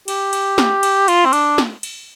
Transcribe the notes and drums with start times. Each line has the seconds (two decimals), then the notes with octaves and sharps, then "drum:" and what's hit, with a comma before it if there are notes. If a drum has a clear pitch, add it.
0.08 G4, drum: cymbal
0.33 drum: cymbal
0.58 drum: snare
0.83 drum: cymbal
1.08 F4, drum: cymbal
1.25 C4
1.33 D4, drum: cymbal
1.58 drum: snare
1.83 drum: cymbal